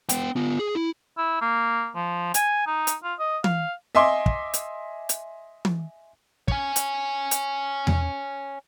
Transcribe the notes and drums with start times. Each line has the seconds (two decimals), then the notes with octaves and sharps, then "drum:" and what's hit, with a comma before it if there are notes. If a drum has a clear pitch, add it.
0.09 B3 G5, drum: hi-hat
0.36 B3 F4
0.59 G#4
0.75 E4
1.18 E4
1.41 A#3
1.96 F3
2.34 G#5, drum: hi-hat
2.67 D#4
2.87 drum: hi-hat
3.04 F4
3.19 D#5
3.44 F5, drum: tom E3
3.95 D#5 E5 G#5 C6 D6
4.26 drum: kick
4.54 drum: hi-hat
5.09 drum: hi-hat
5.65 drum: tom E3
6.48 C#5 G#5, drum: kick
6.76 drum: hi-hat
7.31 drum: hi-hat
7.87 drum: tom E2